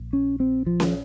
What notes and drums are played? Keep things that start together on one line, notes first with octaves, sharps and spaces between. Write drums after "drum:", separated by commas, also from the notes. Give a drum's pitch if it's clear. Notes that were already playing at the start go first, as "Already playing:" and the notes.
Already playing: A#1 A#2
C#4
C4
F3
drum: snare C#4